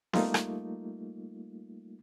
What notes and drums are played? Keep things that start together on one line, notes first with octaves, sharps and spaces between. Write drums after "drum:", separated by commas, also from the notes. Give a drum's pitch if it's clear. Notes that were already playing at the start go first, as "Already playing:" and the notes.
G3 A3 A#3 D#4 F4, drum: snare
drum: rim click